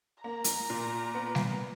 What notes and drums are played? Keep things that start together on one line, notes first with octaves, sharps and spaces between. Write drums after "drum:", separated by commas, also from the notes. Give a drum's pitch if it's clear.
A#3 A#5
drum: hi-hat
A#2
B3
drum: snare G3